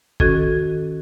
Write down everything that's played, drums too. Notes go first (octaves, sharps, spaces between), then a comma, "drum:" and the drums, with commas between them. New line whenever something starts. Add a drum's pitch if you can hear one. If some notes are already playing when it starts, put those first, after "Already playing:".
D#3 C#4 F#4 A4 G#6, drum: kick F#1